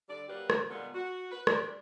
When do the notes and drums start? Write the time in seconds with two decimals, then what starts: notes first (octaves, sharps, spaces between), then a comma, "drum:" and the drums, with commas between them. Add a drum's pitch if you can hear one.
0.09 D3 G3 D5
0.28 F#3 G3 A#3 G4 B4
0.50 drum: rim click
0.69 A#2 D3 G3 G#3 B3
0.94 F#4
1.31 B4
1.47 G3 D4, drum: rim click